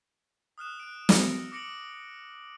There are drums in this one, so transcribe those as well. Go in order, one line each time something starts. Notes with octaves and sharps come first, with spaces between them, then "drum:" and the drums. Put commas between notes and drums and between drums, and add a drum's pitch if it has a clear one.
D#6 F6 F#6 E7
F#6 D7
E6 A#6 C#7, drum: snare
D6 A#6 C#7 D7 F#7